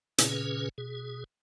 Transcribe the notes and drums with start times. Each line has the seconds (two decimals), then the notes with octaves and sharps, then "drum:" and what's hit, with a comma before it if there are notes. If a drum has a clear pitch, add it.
0.18 A#2 C#3 C#4 G#4 B4, drum: hi-hat
0.78 B2 G#4